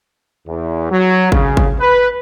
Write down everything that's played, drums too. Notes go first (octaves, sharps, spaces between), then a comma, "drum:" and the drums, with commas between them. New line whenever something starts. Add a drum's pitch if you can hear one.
E2
F#3
C#3, drum: kick G#1
drum: kick G#1
B4